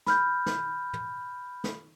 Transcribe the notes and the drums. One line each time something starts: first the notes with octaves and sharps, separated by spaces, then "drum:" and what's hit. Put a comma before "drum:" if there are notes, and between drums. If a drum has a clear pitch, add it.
B5 F6 G6, drum: snare
drum: snare
drum: tom
drum: snare